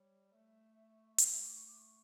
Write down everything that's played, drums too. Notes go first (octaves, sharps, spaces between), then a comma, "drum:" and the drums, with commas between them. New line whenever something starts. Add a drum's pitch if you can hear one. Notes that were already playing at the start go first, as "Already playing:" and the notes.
Already playing: G3 C#5
A3 E5
drum: hi-hat
A3 E5
D6
C#6
D6
C#6